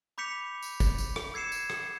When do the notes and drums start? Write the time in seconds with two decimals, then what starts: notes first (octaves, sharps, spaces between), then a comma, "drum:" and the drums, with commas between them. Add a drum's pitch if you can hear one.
0.18 B5 D6 G6 B6 C#7 F7
0.62 drum: tambourine
0.80 drum: kick, tambourine
0.98 drum: tambourine
1.16 drum: rim click
1.34 E6 G#6 C7 C#7 E7
1.52 drum: tambourine
1.70 drum: rim click